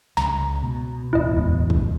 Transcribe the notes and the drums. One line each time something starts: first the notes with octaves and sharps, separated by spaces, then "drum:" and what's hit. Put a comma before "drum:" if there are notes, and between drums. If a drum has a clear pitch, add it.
C#2 A#5, drum: snare
B2
D1 A1 B2 E4 D#5
E2 G#3 B3
drum: kick